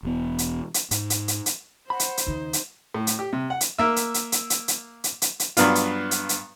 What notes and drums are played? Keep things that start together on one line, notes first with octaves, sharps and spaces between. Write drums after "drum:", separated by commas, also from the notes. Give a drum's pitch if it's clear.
E1 E3 B3
drum: hi-hat
drum: hi-hat
G#2, drum: hi-hat
drum: hi-hat
drum: hi-hat
drum: hi-hat
C5 F#5 B5
drum: hi-hat
drum: hi-hat
D#2 C#3 D#4
drum: hi-hat
A2
drum: hi-hat
G4
C3
F#5
drum: hi-hat
A#3 E5
drum: hi-hat
drum: hi-hat
drum: hi-hat
drum: hi-hat
drum: hi-hat
drum: hi-hat
drum: hi-hat
drum: hi-hat
G2 F#3 B3 D4 F4, drum: hi-hat
drum: hi-hat
drum: hi-hat
drum: hi-hat